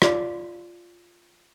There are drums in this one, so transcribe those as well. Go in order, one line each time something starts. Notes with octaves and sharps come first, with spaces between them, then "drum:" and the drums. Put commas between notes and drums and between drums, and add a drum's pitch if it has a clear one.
F4 D5, drum: rim click